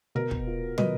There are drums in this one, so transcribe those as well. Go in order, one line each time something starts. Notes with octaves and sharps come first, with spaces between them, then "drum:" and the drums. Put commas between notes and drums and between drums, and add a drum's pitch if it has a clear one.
B2 A#4
drum: kick
F4
B2 B4 D#5, drum: tom